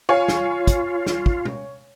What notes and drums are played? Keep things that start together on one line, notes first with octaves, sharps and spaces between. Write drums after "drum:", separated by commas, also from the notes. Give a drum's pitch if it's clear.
F4 C#5 F5 G#5
drum: snare
drum: kick, hi-hat
drum: snare
drum: kick
drum: tom